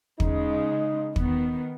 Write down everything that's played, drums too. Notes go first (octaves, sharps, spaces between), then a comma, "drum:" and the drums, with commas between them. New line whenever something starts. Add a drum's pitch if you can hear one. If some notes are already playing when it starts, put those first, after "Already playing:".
C#3 G#3 D#4, drum: kick
D#3 B3, drum: kick